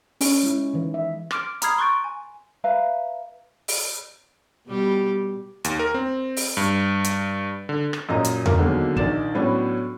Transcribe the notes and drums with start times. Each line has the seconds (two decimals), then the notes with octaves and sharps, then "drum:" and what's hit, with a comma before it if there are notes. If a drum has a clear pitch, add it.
0.21 C#4, drum: open hi-hat
0.43 G#3 E4
0.73 D#3 E3
0.94 E5
1.31 C6 D6 F6 D7, drum: rim click
1.62 A#5 B5 D#6 F6 G#6 C7, drum: hi-hat
1.78 C6 C#6 F#6 G6 A6 D7
2.04 G#5
2.64 B4 E5 F5 A#5
3.68 drum: open hi-hat
4.67 B2 G3 G4
5.64 D#2, drum: hi-hat
5.79 A#4
5.94 C4
6.37 drum: open hi-hat
6.57 G2
7.04 drum: hi-hat
7.69 D3
7.93 drum: rim click
8.09 F#2 A#2 D#5 A#5
8.24 drum: hi-hat
8.46 B1 A#4 D6, drum: tom E2
8.57 B2 D3 D#3 F#3 G#3 A#3
8.97 A#1 D#3 D4 D5 E7, drum: kick
9.34 A2 F#3 B3 C#4 D4